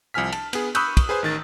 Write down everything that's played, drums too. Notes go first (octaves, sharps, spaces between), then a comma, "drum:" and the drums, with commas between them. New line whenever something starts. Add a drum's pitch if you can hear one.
C2 F3 G#5 F6 B6
A5, drum: cymbal
B3 G#4, drum: cymbal
B5 C#6 D#6 E6 F#6 G6, drum: cymbal
drum: kick, cymbal
G#4 B4 C5 G#5
A1 D#3 A6